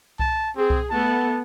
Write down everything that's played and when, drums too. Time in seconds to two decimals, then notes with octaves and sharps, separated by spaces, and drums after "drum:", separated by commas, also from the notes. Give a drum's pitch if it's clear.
0.19 A5, drum: kick C2
0.56 C4 G#4
0.70 drum: kick C2
0.90 A3 B3 A5